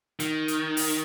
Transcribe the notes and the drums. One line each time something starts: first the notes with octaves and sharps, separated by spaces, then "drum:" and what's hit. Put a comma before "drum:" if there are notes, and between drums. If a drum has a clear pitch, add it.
D#3, drum: hi-hat
drum: hi-hat
drum: open hi-hat